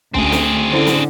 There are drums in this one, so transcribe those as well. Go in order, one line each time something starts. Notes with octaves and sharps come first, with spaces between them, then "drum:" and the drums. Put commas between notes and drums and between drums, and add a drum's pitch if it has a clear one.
D2 C4 C#4 G#4 G#5, drum: kick B1
drum: snare
D3 C#4 E4 C5
drum: snare